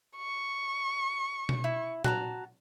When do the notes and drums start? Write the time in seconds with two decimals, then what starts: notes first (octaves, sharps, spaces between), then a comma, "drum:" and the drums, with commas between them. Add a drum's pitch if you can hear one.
0.17 C#6
1.49 drum: tom B2
1.64 E4
2.04 F#4 A5 A#5, drum: tom